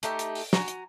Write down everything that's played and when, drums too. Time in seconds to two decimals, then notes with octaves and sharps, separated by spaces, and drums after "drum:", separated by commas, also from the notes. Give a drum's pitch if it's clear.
0.03 A3 D#4 G4, drum: hi-hat
0.19 drum: hi-hat
0.35 drum: open hi-hat
0.53 F#4 G#5 A#5, drum: snare
0.68 drum: hi-hat